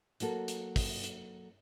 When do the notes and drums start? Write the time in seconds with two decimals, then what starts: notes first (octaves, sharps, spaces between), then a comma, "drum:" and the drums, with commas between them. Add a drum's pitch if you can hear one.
0.20 F#3 A#3 F#4 A4, drum: hi-hat
0.48 drum: hi-hat
0.76 drum: kick, open hi-hat
1.04 drum: hi-hat